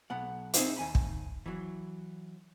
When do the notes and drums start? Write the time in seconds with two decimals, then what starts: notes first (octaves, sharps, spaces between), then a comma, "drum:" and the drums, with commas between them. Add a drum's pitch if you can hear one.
0.10 B1 B3 F#5
0.54 C4 D#4 G4 G#4 C5 E5, drum: hi-hat
0.76 D#2 G#5 B5
0.95 drum: kick
1.46 E3 F#3